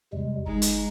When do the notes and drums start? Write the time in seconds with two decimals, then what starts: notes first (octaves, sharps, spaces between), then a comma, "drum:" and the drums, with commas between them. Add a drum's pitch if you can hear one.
0.13 E2 C3 G3 G#3
0.46 G1 G#3 D#4
0.62 drum: hi-hat